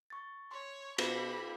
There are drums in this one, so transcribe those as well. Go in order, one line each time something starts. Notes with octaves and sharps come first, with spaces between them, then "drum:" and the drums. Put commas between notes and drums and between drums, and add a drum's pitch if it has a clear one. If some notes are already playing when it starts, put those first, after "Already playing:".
C#6 A6
C#5 C6
B2 B5, drum: cymbal